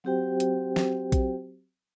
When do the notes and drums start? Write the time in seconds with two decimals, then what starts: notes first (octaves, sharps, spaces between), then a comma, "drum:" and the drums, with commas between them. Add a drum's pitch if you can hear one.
0.04 F#3 C4 F#4 G4 C5 G5
0.40 drum: hi-hat
0.76 drum: snare
1.12 drum: kick A#1, hi-hat